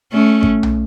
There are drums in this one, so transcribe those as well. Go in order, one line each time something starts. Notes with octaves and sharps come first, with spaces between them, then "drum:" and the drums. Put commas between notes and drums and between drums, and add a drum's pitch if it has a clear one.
A3 C#4
drum: kick G#1
drum: tom B1